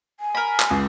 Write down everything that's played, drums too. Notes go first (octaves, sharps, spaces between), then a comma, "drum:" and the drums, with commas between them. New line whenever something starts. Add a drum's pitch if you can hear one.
G#5
A#4 B5
drum: clap
C#2